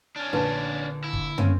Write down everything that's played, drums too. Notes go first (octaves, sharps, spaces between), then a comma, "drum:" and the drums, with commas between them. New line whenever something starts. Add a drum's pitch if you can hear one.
C#4 D4
A#1 D3 B4 A5
E4
drum: kick F#1
A3 A#3 C4 C#4, drum: tom